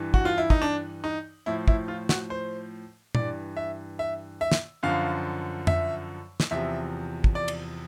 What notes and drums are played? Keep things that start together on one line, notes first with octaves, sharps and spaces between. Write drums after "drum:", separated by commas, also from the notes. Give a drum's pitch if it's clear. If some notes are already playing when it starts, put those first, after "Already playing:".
Already playing: G2 E3
F#4, drum: kick
F4
E4
D#4, drum: kick
D4
D#4
A2 F3 E4
E4, drum: kick
F4
F#4, drum: snare
C5
G2 E3 D5, drum: tom A#2
E5
E5
E5
drum: snare
F#2 D3 F3 F5
E5, drum: tom F2
drum: snare
E2 C3 F3 E5
drum: kick
D5
drum: cymbal